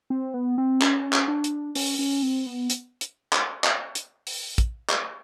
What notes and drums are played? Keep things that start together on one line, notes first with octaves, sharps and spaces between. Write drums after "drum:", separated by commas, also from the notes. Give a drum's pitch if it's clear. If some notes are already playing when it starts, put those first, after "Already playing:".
C4
B3
C4
C#4, drum: clap
drum: clap
D4
drum: hi-hat
C#4, drum: open hi-hat
C#4
C4
B3
drum: hi-hat
drum: hi-hat
drum: clap
drum: clap
drum: hi-hat
drum: open hi-hat
drum: kick, hi-hat
drum: clap